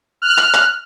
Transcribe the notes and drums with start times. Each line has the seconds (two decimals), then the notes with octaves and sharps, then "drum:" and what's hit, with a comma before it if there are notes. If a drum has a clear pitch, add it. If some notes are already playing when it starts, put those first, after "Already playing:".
0.22 F6 F#6
0.38 drum: clap
0.54 drum: clap